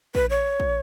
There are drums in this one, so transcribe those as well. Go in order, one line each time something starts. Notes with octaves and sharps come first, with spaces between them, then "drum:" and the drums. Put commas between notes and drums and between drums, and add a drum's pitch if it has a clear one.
B4, drum: kick
C#5
drum: kick